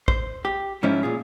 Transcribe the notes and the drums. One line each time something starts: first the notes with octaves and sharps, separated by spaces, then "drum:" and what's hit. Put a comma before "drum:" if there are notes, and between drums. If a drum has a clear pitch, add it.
C5, drum: kick
G4
G#2 F3 C#4 D#4 E4
A#2 F4 G#4